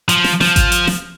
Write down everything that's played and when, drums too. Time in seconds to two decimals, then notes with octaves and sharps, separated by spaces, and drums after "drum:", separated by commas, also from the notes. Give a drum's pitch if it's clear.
0.09 F3, drum: hi-hat
0.24 drum: snare
0.41 F3, drum: snare
0.56 drum: kick G#1, hi-hat
0.72 drum: hi-hat
0.87 drum: snare